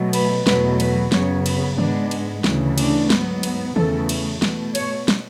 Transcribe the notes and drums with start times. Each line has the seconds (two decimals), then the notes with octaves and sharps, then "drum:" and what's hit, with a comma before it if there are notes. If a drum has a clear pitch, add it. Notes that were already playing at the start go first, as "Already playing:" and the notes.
Already playing: B2 F#3 A3
0.13 B4, drum: cymbal
0.47 E2 B2 F#3 A3 B4, drum: snare
0.80 B4, drum: cymbal
1.12 F#2 C#3 F#3 B3 C#5, drum: snare
1.46 B4, drum: cymbal
1.78 G#2 G#3 B3 D4, drum: tom D#3
2.11 drum: cymbal
2.44 D2 C#3 E3, drum: snare
2.78 D4, drum: cymbal
3.10 G#2 F#3 B3, drum: snare
3.43 drum: cymbal
3.76 E2 C#3 E3 A3 A4, drum: tom D#3
4.09 drum: cymbal
4.42 B2 A3, drum: snare
4.75 C#5, drum: cymbal
5.08 drum: snare